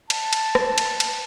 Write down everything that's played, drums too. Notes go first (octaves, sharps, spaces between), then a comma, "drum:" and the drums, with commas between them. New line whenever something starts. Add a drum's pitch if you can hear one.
A5, drum: cymbal
drum: cymbal
drum: rim click
drum: cymbal
drum: cymbal